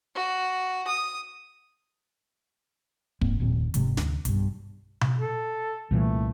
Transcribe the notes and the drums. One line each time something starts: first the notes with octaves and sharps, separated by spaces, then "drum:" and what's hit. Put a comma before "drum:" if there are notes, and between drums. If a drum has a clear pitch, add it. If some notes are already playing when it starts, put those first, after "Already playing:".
F#4
D#6
F1 G#2 A#3 C4, drum: kick
F1 D#2 A#2 C4
F1 G#2 C3 G#3, drum: hi-hat
D2, drum: snare
B1 G2, drum: hi-hat
drum: tom B2
A4
C2 A#2 E3 A3